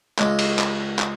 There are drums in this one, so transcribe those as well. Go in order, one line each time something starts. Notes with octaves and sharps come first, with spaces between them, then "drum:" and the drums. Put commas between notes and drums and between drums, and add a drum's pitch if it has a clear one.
C#2 G#3, drum: clap
drum: cymbal
drum: clap
drum: clap